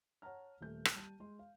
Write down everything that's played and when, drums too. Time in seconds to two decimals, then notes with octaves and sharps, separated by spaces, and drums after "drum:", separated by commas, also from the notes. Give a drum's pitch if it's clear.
0.22 C#5 F#5 A5 A#5 F6
0.61 D#1 A3 G6
0.85 drum: rim click
0.96 G3 A5 D#7
1.20 G#3 C6
1.39 F5